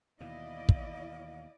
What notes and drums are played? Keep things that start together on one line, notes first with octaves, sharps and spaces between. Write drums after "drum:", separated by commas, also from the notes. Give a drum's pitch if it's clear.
D#2 B2 E3 E4 D5 D#5 F5
drum: kick